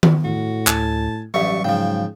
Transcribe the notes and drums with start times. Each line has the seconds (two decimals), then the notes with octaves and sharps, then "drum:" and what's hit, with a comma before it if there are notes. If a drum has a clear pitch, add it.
0.03 drum: tom D#3
0.24 A2 F#4
0.67 D2 G#5 A5, drum: clap
1.34 A1 G2 F#3 A3 C#6
1.64 G#2 C#3 F3 G5